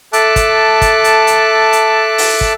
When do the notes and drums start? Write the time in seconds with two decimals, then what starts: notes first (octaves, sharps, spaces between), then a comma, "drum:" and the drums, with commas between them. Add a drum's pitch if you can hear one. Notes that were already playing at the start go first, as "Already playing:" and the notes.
0.13 A4 E5 A5 D6 F#6, drum: hi-hat
0.36 drum: kick, hi-hat
0.82 drum: kick, hi-hat
1.04 drum: hi-hat
1.27 drum: hi-hat
1.73 drum: hi-hat
2.18 drum: open hi-hat
2.41 drum: kick